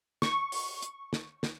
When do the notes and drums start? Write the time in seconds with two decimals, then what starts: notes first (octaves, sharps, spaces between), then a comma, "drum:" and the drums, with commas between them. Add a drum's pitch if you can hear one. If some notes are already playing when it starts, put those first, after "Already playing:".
0.22 C#6, drum: snare
0.52 drum: open hi-hat
0.82 drum: hi-hat
1.13 drum: snare
1.43 drum: snare